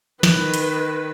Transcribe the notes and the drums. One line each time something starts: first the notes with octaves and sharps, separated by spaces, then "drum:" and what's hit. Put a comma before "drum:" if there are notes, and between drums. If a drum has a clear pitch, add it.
D#3 B4, drum: snare
drum: hi-hat